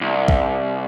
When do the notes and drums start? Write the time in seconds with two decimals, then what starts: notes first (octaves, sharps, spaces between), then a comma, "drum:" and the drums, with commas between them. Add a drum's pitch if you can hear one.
0.01 C2
0.28 drum: kick